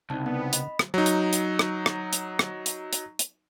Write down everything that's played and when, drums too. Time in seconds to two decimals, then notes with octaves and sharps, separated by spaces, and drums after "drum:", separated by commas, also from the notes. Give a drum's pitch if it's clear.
0.10 C2 C#3 C4 D#4 A5
0.26 B3 F#5
0.53 D#5 B5, drum: hi-hat
0.79 drum: rim click
0.94 F#3 D#4
1.06 drum: hi-hat
1.33 drum: hi-hat
1.59 drum: rim click
1.86 drum: rim click
2.13 drum: hi-hat
2.39 drum: rim click
2.66 drum: hi-hat
2.93 drum: hi-hat
3.19 drum: hi-hat